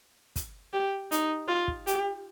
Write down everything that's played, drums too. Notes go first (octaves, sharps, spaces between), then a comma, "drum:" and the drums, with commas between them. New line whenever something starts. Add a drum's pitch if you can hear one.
drum: kick, hi-hat
G4
D#4, drum: hi-hat
F4
drum: kick
G4, drum: hi-hat